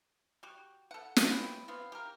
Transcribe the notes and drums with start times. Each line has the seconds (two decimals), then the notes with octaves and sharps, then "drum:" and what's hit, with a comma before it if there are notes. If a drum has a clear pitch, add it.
0.43 F#4 G4
0.91 A4 F#5
1.16 drum: snare
1.28 E3 C#4 E4 G4
1.68 F#3 B3 C4 F4
1.92 G4 A#4